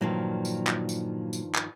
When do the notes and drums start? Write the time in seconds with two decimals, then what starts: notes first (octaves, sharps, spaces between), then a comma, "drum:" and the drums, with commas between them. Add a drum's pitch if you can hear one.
0.01 G2 A#2 D#3 F3 F#3
0.45 drum: tambourine
0.67 drum: clap
0.89 drum: tambourine
1.33 drum: tambourine
1.55 drum: clap